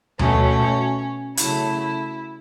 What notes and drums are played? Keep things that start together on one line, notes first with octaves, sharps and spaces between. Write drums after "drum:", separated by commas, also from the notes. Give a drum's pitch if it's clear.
B2 F#3 A3 C#4, drum: tom D2
C#3 F#3 A3 E4, drum: hi-hat